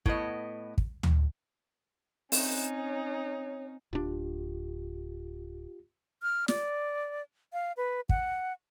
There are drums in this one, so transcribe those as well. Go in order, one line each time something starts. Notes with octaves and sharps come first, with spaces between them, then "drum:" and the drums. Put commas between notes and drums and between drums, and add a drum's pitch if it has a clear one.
A2 B3 D#5, drum: kick
drum: kick
drum: tom D2
C4 C#4 D#4, drum: open hi-hat
C#5
D1 D4 F4 G4
F6
D5, drum: snare
F5
B4
F#5, drum: kick